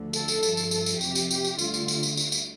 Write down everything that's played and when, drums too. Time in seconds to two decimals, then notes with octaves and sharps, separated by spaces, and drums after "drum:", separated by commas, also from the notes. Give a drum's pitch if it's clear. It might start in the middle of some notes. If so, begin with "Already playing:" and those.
Already playing: D2 D3 F3
0.13 A4, drum: tambourine
0.28 drum: tambourine
0.43 G2 F3, drum: tambourine
0.57 drum: tambourine
0.71 A4, drum: tambourine
0.86 drum: tambourine
1.01 F2 C3 F3 G4, drum: tambourine
1.15 drum: tambourine
1.31 G4, drum: tambourine
1.45 drum: tambourine
1.58 D2 D3 G3 F4, drum: tambourine
1.74 drum: tambourine
1.88 drum: tambourine
2.03 drum: tambourine
2.17 drum: tambourine
2.32 drum: tambourine